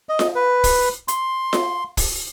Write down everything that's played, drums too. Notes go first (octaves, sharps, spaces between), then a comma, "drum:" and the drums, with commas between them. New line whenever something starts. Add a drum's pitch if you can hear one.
D#5
drum: snare F4
B4
drum: kick, open hi-hat
C6, drum: hi-hat
drum: snare F4
drum: kick, open hi-hat